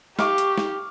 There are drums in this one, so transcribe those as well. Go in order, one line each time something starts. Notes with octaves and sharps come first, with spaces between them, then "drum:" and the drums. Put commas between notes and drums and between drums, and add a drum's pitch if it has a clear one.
G4 F5 C#6 D6, drum: snare
drum: hi-hat
drum: snare